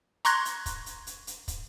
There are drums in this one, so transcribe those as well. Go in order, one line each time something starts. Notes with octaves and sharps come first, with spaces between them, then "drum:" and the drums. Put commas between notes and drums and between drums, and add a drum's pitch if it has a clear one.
A#5 C6 C#6 F#6 G#6 A#6, drum: hi-hat
drum: hi-hat
drum: kick, hi-hat
drum: hi-hat
drum: hi-hat
drum: hi-hat
drum: kick, hi-hat